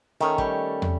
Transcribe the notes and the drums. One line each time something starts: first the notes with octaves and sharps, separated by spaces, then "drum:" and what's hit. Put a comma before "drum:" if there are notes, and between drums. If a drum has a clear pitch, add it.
D#3 A3 C#4
G3, drum: kick
drum: tom